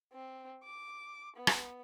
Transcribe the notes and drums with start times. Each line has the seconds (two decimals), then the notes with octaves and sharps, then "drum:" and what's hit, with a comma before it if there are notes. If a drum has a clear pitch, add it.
0.13 C4
0.64 D6
1.36 B3
1.47 drum: rim click